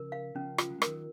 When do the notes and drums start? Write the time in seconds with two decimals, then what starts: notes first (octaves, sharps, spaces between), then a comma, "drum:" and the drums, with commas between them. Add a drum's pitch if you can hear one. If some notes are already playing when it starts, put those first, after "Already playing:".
Already playing: C#3 F3 A#4
0.12 F5
0.35 C#3 F3 C#4
0.58 F4, drum: rim click
0.70 F#3
0.78 G#3
0.82 D#3 F#3 A#4, drum: rim click